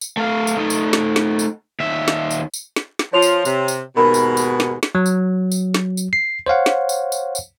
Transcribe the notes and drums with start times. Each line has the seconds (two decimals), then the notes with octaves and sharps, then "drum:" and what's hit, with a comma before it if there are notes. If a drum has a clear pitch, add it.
0.01 drum: tambourine
0.17 A3 F5
0.47 drum: tambourine
0.57 A3 D#4
0.70 drum: tambourine
0.93 drum: snare
1.16 drum: snare
1.39 drum: tambourine
1.80 D#2 E5
2.08 drum: snare
2.31 drum: tambourine
2.54 drum: tambourine
2.76 drum: snare
2.99 drum: snare
3.13 F3 C#5 C6 F7
3.22 drum: tambourine
3.45 C3, drum: tambourine
3.68 drum: tambourine
3.97 D#2 G#2 B2 A#4 B5
4.14 drum: tambourine
4.37 drum: tambourine
4.60 drum: snare
4.83 drum: snare
4.95 F#3
5.06 drum: tambourine
5.52 drum: tambourine
5.74 drum: snare
5.97 drum: tambourine
6.13 C7
6.46 C5 C#5 F5 F#5
6.66 drum: snare
6.89 drum: tambourine
7.12 drum: tambourine
7.35 drum: tambourine